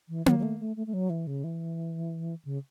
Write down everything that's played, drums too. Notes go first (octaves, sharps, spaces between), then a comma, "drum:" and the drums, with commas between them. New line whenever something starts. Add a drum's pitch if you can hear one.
E3
F#3, drum: tom A#3
F#3
A3
A3
A3
A3
F#3
E3
C#3
E3
C#3